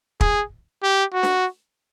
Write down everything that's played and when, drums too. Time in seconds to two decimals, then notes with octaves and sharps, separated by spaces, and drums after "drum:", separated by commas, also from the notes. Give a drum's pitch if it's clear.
0.21 G#4, drum: kick
0.83 G4
1.13 F#4
1.23 drum: snare